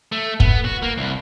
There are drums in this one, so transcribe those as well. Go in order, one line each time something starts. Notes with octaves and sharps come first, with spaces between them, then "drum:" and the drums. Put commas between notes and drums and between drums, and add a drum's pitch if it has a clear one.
A3
B3, drum: kick
F#4
A#3
C2